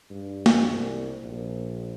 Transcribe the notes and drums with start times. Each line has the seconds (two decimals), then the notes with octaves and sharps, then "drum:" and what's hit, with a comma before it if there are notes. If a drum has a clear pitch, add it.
0.10 G2
0.46 drum: snare
0.72 C2
1.21 A#1